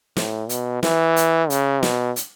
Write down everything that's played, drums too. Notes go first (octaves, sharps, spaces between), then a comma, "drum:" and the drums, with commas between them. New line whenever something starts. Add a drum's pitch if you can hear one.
A2, drum: snare
B2, drum: hi-hat
E3, drum: snare
drum: hi-hat
C#3, drum: hi-hat
B2, drum: snare
drum: hi-hat